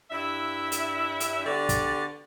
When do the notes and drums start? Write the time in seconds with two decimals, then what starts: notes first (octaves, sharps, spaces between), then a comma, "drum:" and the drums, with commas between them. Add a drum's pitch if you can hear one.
0.11 G2 D4 E4 E5
0.72 drum: hi-hat
1.20 drum: hi-hat
1.45 D3 B3 F#4 G4 D5
1.69 drum: kick, hi-hat